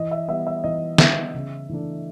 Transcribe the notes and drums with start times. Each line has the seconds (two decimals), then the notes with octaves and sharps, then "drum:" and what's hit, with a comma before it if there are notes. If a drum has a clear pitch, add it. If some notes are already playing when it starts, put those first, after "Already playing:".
Already playing: E3 D#5
0.11 E5
0.28 G3 B3 E5
0.47 E5
0.64 E3 D#5
0.98 G3 B3 E5, drum: snare
1.34 C#3
1.69 E3 A3 D4